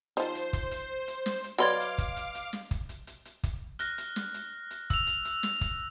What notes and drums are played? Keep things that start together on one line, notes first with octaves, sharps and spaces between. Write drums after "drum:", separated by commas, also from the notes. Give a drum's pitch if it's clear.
F3 D#4 C5, drum: hi-hat
drum: hi-hat
drum: kick, hi-hat
drum: hi-hat
drum: hi-hat
drum: snare
drum: hi-hat
F#3 B4 D5 D#5 F5 C6 D6 G#6
drum: hi-hat
drum: kick, hi-hat
drum: hi-hat
drum: hi-hat
drum: snare
drum: kick, hi-hat
drum: hi-hat
drum: hi-hat
drum: hi-hat
drum: kick, hi-hat
F6 F#6 A#6, drum: hi-hat
drum: hi-hat
drum: snare
drum: hi-hat
drum: hi-hat
E6 F7, drum: kick, hi-hat
drum: hi-hat
drum: hi-hat
drum: snare
drum: kick, hi-hat